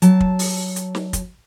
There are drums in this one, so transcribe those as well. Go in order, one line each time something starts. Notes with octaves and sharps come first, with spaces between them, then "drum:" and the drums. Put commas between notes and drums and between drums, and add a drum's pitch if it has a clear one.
F#3 A5, drum: hi-hat
drum: kick
drum: open hi-hat
drum: hi-hat
drum: snare
drum: kick, hi-hat